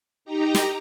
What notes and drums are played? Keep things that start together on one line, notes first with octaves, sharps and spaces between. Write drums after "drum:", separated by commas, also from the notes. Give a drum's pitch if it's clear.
D#4 G4 A#5
drum: snare